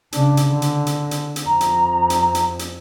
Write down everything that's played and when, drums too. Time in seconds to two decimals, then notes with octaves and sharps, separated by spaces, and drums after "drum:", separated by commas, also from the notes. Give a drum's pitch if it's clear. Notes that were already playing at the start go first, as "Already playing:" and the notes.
0.12 C#3 D4, drum: hi-hat
0.37 drum: hi-hat
0.48 D3
0.62 drum: hi-hat
0.87 drum: hi-hat
1.11 drum: hi-hat
1.36 drum: hi-hat
1.46 F2 A#5
1.61 drum: hi-hat
2.10 drum: hi-hat
2.35 drum: hi-hat
2.59 drum: hi-hat